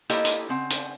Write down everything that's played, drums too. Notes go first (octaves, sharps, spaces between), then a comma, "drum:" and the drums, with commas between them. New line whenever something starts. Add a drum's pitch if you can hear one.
A#3 E4 G4 A4 C#5 D#5, drum: hi-hat
drum: hi-hat
C#3 C4 F#5
drum: hi-hat